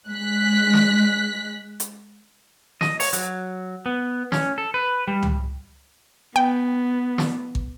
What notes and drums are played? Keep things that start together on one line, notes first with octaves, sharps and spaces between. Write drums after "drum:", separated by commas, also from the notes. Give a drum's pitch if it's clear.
G#3 F#6 B6
drum: snare
drum: hi-hat
D#5, drum: snare
C#5, drum: open hi-hat
F#3, drum: hi-hat
B3
C#4, drum: snare
A4
B4
G3
drum: tom
B3 G5
drum: snare
drum: kick